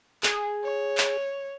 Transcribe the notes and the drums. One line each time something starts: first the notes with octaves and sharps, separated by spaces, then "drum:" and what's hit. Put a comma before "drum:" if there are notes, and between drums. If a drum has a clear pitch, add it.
G#4, drum: clap
C#5
drum: clap